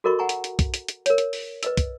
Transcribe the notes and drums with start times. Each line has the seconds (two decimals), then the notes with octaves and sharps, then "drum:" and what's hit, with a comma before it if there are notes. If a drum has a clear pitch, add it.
0.04 F#4 A4 A#4 D#5 B5 C#6
0.19 F#5 G#5 A#5 C#6
0.29 drum: hi-hat
0.44 drum: hi-hat
0.59 drum: kick, hi-hat
0.74 drum: hi-hat
0.88 drum: hi-hat
1.06 A#4 C#5, drum: hi-hat
1.18 drum: hi-hat
1.33 drum: open hi-hat
1.63 B4 D#5 E6, drum: hi-hat
1.77 drum: kick, hi-hat